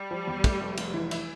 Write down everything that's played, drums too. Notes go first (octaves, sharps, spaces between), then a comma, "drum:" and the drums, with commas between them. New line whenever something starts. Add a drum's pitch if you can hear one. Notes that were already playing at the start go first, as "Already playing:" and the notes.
Already playing: G3
F3
E2
A3, drum: kick, cymbal
F1
F1, drum: cymbal
E3
E4, drum: cymbal